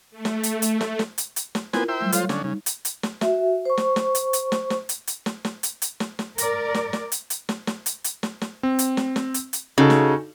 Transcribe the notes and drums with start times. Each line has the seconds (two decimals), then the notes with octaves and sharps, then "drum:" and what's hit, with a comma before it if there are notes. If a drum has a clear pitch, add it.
0.11 A3
0.25 drum: snare
0.43 drum: hi-hat
0.62 drum: hi-hat
0.81 drum: snare
0.99 drum: snare
1.18 drum: hi-hat
1.36 drum: hi-hat
1.55 drum: snare
1.73 B3 C4 E4 F4 A#4 G#5, drum: snare
1.88 C5 E5 G5 A#5
2.01 F#3 G3 A3
2.12 F3 F4 A4 C5 C#5 F5, drum: hi-hat
2.29 D3 C#4, drum: snare
2.44 C#3 G3 D#4
2.66 drum: hi-hat
2.85 drum: hi-hat
3.03 drum: snare
3.21 F#4 E5, drum: snare
3.65 C5 C#6
3.78 drum: snare
3.96 drum: snare
4.15 drum: hi-hat
4.33 drum: hi-hat
4.52 drum: snare
4.70 drum: snare
4.89 drum: hi-hat
5.07 drum: hi-hat
5.26 drum: snare
5.45 drum: snare
5.63 drum: hi-hat
5.82 drum: hi-hat
6.00 drum: snare
6.19 drum: snare
6.38 A#4 D5, drum: hi-hat
6.74 drum: snare
6.93 drum: snare
7.12 drum: hi-hat
7.30 drum: hi-hat
7.49 drum: snare
7.67 drum: snare
7.86 drum: hi-hat
8.04 drum: hi-hat
8.23 drum: snare
8.41 drum: snare
8.63 C4
8.79 drum: hi-hat
8.97 drum: snare
9.16 drum: snare
9.34 drum: hi-hat
9.53 drum: hi-hat
9.78 C#3 D#4 F#4 A4
9.90 drum: snare